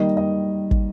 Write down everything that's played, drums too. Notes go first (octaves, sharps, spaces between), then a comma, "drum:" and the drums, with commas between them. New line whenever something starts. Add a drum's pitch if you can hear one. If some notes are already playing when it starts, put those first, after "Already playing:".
Already playing: D#3 G3 A#3 D#5
D#5
drum: kick